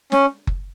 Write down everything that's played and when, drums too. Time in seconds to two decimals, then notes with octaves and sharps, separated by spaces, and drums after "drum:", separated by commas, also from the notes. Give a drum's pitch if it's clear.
0.12 C#4, drum: snare
0.47 drum: kick F#1